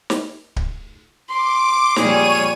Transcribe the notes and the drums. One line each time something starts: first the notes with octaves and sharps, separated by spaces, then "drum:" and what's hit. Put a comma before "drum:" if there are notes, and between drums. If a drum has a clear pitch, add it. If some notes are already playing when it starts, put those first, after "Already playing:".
drum: snare
drum: kick D1
C6 D6
F2 A#2 G3 G#4 C#5 D#7, drum: snare